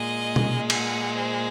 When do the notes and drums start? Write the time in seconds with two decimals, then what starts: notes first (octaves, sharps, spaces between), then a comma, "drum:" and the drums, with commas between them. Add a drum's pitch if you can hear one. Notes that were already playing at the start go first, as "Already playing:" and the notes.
Already playing: A#2 G#3 D#5
0.36 drum: tom
0.70 F#5, drum: cymbal
1.15 C5